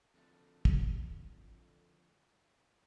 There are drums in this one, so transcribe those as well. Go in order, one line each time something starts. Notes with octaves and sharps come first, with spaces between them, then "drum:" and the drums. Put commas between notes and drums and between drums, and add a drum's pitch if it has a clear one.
F2 D3 A3
drum: kick